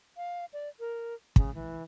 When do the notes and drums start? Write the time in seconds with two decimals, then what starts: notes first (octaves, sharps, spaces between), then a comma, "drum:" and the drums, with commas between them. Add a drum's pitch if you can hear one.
0.17 F5
0.53 D5
0.80 A#4
1.36 C#3, drum: kick
1.55 E3